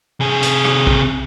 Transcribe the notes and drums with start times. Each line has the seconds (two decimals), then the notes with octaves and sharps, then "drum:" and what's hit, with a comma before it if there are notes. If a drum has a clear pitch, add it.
0.21 C3 G#4
0.43 drum: hi-hat
0.65 drum: rim click
0.87 drum: kick